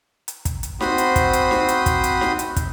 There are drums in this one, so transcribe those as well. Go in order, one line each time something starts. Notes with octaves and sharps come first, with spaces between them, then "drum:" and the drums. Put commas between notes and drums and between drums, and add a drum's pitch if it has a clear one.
drum: hi-hat
drum: kick, hi-hat
drum: hi-hat
C4 F#4 C5 B5 C6 D#6, drum: snare D#4
drum: hi-hat
drum: kick, hi-hat
drum: hi-hat
drum: snare D#4
drum: hi-hat
drum: kick, hi-hat
drum: hi-hat
drum: snare D#4
drum: hi-hat
drum: kick, hi-hat